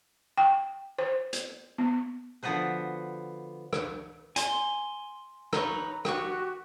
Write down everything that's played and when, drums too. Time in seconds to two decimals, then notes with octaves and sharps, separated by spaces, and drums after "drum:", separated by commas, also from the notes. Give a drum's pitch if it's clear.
0.38 G5
0.98 C5
1.33 drum: hi-hat
1.78 B3
2.43 D3 F3 B3 F#4 B4 C5
3.73 drum: rim click
4.36 G#5 C6, drum: hi-hat
5.53 D#4 B4 C#5 A#5, drum: rim click
6.05 F#4 G4 C#6, drum: rim click